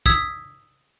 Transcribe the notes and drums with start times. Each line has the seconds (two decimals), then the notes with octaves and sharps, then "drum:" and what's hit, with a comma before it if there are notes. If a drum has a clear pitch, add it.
0.06 D#6 E6 G#6 B6, drum: kick